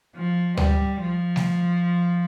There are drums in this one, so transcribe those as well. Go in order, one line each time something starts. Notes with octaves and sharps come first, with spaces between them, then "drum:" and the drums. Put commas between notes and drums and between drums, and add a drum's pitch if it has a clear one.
F3
G3, drum: tom D2
F3
drum: snare G3